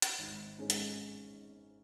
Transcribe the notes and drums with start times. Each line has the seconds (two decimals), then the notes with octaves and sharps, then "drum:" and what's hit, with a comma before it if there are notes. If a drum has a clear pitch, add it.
0.02 drum: hi-hat
0.19 G#1
0.58 G#2 G#3 C#4
0.70 drum: hi-hat